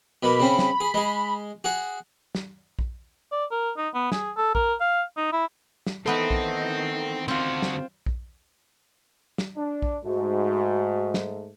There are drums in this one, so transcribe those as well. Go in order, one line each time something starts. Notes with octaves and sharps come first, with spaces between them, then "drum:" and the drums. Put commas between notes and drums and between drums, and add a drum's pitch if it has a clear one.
B2 A#3 B5
C#3 C4 C#4
drum: snare
G#4
G#3 G#4
F#4 G#4
drum: snare
drum: kick A#1
D5
A#4
D#4
B3
G#4, drum: snare
A4
A#4, drum: kick A#1
F5
D#4
E4
drum: snare
D#3 E3 A3 B3 C4 D#4 A4 B4
drum: kick A#1
D3 C4 F4 F#4
drum: snare
drum: kick A#1
drum: snare
D4
drum: kick A#1
G#2 A3 F#4
drum: snare